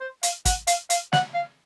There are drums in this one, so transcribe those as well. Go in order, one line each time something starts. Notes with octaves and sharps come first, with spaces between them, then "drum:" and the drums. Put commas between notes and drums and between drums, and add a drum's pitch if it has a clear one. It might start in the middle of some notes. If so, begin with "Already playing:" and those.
C5
F5, drum: hi-hat
F#5, drum: kick, hi-hat
F5, drum: hi-hat
F5, drum: hi-hat
F#5, drum: snare
F5